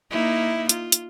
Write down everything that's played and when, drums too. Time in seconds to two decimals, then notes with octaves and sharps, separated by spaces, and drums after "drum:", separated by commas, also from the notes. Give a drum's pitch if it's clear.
0.11 A#3 D#4 E4
0.69 F4, drum: hi-hat
0.92 drum: hi-hat